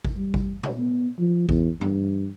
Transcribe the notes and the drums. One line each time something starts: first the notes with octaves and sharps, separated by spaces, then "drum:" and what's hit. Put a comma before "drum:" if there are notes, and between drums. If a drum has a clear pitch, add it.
drum: kick G#1
G3
drum: kick G#1
drum: tom A#2
B3
F3
E2, drum: kick G#1
G2, drum: tom